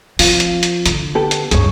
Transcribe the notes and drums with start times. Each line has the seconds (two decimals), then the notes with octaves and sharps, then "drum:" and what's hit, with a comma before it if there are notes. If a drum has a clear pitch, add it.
0.19 F3 C4 F4, drum: open hi-hat
0.40 drum: hi-hat
0.63 drum: hi-hat
0.86 D3, drum: hi-hat
1.15 B3 G4 A4
1.31 drum: hi-hat
1.51 C#2 G2 G#4 C#5, drum: hi-hat